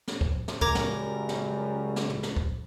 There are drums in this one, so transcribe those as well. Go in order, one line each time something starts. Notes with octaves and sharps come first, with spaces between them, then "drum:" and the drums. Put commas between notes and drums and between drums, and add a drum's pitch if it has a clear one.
drum: snare
drum: kick
drum: snare
C#2 F#2 G3 A#4 A#5 D6 G#6, drum: kick
drum: snare
drum: snare
drum: snare
drum: tom
drum: snare
drum: kick